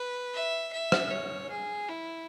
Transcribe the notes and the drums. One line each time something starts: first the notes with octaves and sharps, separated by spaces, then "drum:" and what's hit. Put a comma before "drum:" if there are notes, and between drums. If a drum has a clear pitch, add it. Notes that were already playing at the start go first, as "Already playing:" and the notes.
Already playing: B4
E5
E5
drum: rim click
C#5
G#4
E4